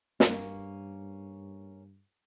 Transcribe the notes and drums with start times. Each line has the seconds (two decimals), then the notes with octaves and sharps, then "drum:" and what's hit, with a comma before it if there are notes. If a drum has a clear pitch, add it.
0.20 G2 A#3 C#4, drum: snare